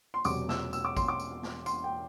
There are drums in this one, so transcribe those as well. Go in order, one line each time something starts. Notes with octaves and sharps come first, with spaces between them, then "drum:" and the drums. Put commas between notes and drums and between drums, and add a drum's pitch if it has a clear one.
C6
E1 E2 C3 F#3 D6, drum: tambourine
E6, drum: snare
E6, drum: tambourine
D6
C6, drum: kick, tambourine
D6
drum: tambourine
drum: snare
C6, drum: tambourine
G5